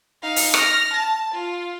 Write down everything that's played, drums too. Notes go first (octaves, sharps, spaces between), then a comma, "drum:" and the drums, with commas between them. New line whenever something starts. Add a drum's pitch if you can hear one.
D#4 F5
drum: open hi-hat
F6 A#6, drum: rim click
A5
F4